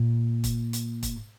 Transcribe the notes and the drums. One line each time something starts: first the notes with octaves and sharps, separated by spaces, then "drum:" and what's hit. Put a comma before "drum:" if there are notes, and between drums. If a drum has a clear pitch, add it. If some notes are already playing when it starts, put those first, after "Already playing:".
Already playing: A#2
drum: kick E1, hi-hat
drum: hi-hat
drum: kick E1, hi-hat